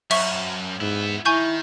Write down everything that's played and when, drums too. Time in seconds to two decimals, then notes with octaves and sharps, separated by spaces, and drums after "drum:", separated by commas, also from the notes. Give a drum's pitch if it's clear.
0.11 F#2 E5 C#6, drum: cymbal
0.81 G#2 B3 E4
1.26 D#3 E4 G#5 C#6 G6